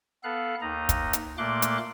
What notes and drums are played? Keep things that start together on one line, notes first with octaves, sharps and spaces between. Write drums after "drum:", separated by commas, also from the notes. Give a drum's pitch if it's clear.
B3 A4 F5 F#6
D#2 D#4 A#5
drum: kick, hi-hat
drum: hi-hat
A#2 A3 A#3 C6 D6 F#6
drum: hi-hat